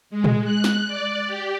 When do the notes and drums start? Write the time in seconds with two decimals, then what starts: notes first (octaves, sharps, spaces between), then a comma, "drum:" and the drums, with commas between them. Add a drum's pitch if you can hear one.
0.10 G#3
0.24 drum: tom A#2
0.44 F#6
0.64 drum: snare
0.87 D5
1.27 G4